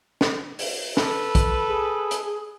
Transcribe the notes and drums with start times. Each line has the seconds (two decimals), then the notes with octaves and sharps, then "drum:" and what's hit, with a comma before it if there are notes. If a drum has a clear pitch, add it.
0.21 drum: snare
0.59 drum: open hi-hat
0.97 A4 B4, drum: snare
1.35 drum: kick, hi-hat
1.68 G#4
2.11 drum: hi-hat